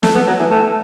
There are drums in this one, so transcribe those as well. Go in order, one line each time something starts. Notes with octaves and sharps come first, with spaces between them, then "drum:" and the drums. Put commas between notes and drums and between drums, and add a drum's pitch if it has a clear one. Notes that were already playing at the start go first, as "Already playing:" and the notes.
A3, drum: snare
B3
F#3
E3
A3